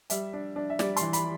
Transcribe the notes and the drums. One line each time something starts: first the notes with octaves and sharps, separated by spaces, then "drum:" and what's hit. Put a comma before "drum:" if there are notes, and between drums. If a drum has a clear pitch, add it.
G3 E5, drum: hi-hat
D4
D4
E5
G3 D5, drum: snare
E3 C6, drum: hi-hat
B5, drum: hi-hat